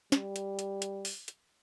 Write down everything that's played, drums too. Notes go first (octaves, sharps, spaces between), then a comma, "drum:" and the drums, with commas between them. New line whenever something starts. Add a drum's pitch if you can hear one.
G3, drum: snare
drum: hi-hat
drum: hi-hat
drum: hi-hat
drum: open hi-hat
drum: hi-hat